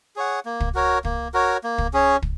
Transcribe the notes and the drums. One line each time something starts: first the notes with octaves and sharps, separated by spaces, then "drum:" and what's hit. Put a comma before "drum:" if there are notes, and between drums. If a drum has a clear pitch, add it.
G#4 C#5 F#5
A#3
drum: kick
F#4 A#4 C#5
A#3, drum: kick
F#4 A#4 C#5
A#3
drum: kick
C#4 G#4 C#5
drum: kick